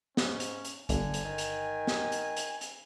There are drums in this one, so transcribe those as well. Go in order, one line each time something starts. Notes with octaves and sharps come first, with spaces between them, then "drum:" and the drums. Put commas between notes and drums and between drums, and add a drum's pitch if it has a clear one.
G#2 C#4, drum: snare
drum: hi-hat
drum: hi-hat
G1 D3 G#5, drum: kick, hi-hat
drum: hi-hat
D#3
drum: hi-hat
drum: snare
drum: hi-hat
drum: hi-hat
drum: hi-hat